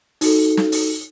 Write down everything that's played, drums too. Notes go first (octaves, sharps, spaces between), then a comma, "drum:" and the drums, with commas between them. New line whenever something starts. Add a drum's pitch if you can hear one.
D#4 F#4 A4, drum: open hi-hat
drum: snare
drum: open hi-hat